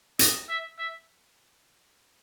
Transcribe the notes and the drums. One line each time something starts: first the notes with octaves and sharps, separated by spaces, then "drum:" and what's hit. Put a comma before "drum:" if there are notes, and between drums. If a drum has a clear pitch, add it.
D#5, drum: hi-hat
E5
E5